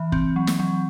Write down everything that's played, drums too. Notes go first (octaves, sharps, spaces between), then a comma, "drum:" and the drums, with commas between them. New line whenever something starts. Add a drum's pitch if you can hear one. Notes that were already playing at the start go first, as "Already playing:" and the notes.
Already playing: E3
C4, drum: kick
F#3
drum: snare
F#3